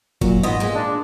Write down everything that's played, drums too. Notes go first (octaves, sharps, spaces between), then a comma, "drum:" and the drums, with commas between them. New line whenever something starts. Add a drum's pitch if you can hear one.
A#2 F#3, drum: kick
G#2 E3 B3 D#5
A#2 G#3
D4